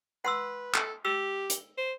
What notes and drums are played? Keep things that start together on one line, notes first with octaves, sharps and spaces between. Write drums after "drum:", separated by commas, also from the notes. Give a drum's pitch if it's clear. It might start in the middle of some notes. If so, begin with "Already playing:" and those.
B4 F#5 C6 E6
A4, drum: clap
G4 E6
drum: hi-hat
C5